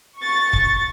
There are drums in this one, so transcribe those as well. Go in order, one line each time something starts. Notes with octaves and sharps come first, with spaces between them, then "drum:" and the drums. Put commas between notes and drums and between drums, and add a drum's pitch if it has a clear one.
C#6 A6
drum: kick